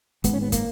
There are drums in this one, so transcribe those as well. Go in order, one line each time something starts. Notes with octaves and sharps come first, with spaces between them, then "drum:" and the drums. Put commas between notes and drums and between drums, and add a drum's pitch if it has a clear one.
G#1 G#2 B3, drum: kick, hi-hat
C#4
B3
A#3, drum: kick, hi-hat